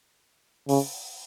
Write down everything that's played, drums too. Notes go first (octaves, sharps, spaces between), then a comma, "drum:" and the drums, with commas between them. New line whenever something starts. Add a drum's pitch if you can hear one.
C#3, drum: open hi-hat